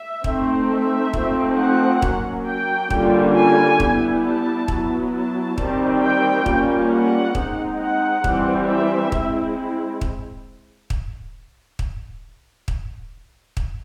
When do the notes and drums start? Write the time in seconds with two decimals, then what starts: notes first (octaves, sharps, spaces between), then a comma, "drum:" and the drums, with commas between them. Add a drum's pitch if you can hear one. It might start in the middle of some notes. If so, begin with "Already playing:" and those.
Already playing: E5
0.24 A3 C4 D#4, drum: kick
0.69 E5
1.13 F3 A3 C4 D#4, drum: kick
1.58 F#5
2.02 F#3 A#3 C#4, drum: kick
2.46 G5
2.90 D3 G3 A#3 C#4 F4, drum: kick
3.35 G#5
3.80 G3 B3 E4, drum: kick
4.24 A5
4.68 F#3 B3 E4, drum: kick
5.13 A5
5.58 D#3 G3 C4, drum: kick
6.02 G5
6.46 G3 A#3 C#4 F4, drum: kick
6.91 F#5
7.35 G#3 C4 D#4, drum: kick
7.79 F#5
8.24 E3 G3 C4, drum: kick
8.68 E5
9.12 G#3 C4 E4, drum: kick
10.01 drum: kick
10.90 drum: kick
11.79 drum: kick
12.68 drum: kick
13.57 drum: kick